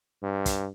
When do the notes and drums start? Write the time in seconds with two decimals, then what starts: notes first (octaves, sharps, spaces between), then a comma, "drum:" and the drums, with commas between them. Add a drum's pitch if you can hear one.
0.23 G2
0.46 drum: kick, hi-hat